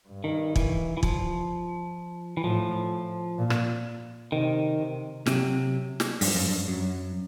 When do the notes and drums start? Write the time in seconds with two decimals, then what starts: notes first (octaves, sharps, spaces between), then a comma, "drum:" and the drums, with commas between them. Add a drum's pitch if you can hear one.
0.08 G2
0.24 D#3
0.56 E3, drum: kick
0.97 E3
1.03 F3, drum: kick
2.37 E3
2.44 A2 F3
3.39 A#2
3.50 drum: rim click
4.32 C3 D#3
4.79 C3
5.26 C3 F#3, drum: snare
6.00 drum: snare
6.21 G2 F3, drum: open hi-hat
6.35 F#2
6.49 G2
6.68 F#2 F#3